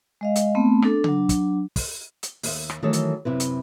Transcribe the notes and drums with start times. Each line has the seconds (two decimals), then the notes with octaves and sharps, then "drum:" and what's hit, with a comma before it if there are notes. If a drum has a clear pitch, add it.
0.21 G#3 D#5 F5
0.36 drum: hi-hat
0.55 A3 B3 C4
0.82 D4 A4, drum: rim click
1.04 F#3 D4, drum: tom C#3
1.29 drum: kick, hi-hat
1.76 drum: kick, open hi-hat
2.23 drum: hi-hat
2.43 D#2 E5, drum: open hi-hat
2.70 drum: rim click
2.83 D#3 E3 F#3 A3 A4 C#5
2.93 drum: hi-hat
3.25 F#2 C3 E4 B4
3.40 drum: hi-hat